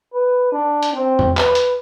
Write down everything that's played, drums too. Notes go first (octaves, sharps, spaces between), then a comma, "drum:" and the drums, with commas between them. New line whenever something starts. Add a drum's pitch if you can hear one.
B4
D4
drum: hi-hat
C4
drum: tom E2
B4, drum: clap
drum: hi-hat